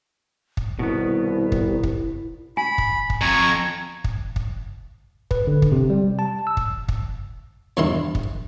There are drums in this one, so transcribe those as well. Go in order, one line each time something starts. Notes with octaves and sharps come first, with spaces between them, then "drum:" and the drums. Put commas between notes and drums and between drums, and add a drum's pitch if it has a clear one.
drum: kick
C2 B2 D#3 B3 E4
drum: kick
drum: kick
G#5 B5
drum: kick
drum: kick
F2 A#5 C#6 G#6
drum: kick
drum: kick
B4, drum: kick
D3
drum: kick
C3
G3
A5
E6
drum: kick
drum: kick
E2 G2 D#3 E4 C6
drum: kick